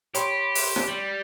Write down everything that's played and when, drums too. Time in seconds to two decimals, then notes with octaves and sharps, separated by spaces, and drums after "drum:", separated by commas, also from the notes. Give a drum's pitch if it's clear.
0.15 G4 C#5 B5 C6, drum: hi-hat
0.55 drum: open hi-hat
0.76 drum: rim click
0.87 G3